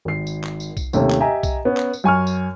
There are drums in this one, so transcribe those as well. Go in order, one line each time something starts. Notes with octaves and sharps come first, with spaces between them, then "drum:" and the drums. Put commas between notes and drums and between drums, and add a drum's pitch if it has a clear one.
G#1 C7
drum: tambourine
drum: clap
drum: tambourine
drum: kick B1, tambourine
D#2 C3 A3 C#4, drum: tambourine
drum: clap
G4 D#5 E5 G#5 A#5
drum: kick B1, tambourine
B3 C#4
drum: clap
drum: tambourine
F#2 G#5 C#6 F6
drum: tambourine